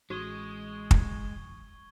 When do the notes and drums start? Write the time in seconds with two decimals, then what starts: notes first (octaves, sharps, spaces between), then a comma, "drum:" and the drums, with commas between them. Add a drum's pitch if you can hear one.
0.10 A1 G#3 F#4 C#6 D#6 G#6 G7
0.91 drum: kick